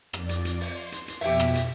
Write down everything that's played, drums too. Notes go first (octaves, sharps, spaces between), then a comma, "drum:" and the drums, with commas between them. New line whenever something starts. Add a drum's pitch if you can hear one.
F2 D5, drum: rim click
drum: hi-hat
drum: hi-hat
drum: open hi-hat
C6
drum: hi-hat
drum: hi-hat
F2 B2 G4 E5 B6, drum: open hi-hat
drum: rim click
drum: hi-hat